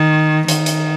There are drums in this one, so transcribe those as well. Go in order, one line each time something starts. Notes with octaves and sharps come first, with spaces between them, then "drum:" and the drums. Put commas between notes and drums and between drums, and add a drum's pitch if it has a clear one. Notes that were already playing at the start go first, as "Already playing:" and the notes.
Already playing: D#3
D#3, drum: hi-hat
drum: hi-hat